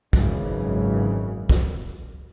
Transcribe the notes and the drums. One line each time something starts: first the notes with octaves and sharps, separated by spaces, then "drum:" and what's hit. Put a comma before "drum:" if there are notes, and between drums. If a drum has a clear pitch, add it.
G#1 F#2 C#3 E3, drum: kick
drum: kick